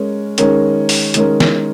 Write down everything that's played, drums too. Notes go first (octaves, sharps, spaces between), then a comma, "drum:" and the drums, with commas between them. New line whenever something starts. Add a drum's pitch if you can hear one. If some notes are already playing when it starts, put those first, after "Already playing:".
Already playing: G#3 C#4 A#4
D#3 G#3 C#4 A#4, drum: hi-hat
drum: open hi-hat
D#3 G#3 C#4 A#4, drum: hi-hat
drum: snare